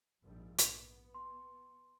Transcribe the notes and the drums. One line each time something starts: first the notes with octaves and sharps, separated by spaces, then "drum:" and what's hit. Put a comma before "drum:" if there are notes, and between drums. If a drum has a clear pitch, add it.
A#1 G#2 G3
B3, drum: hi-hat
C6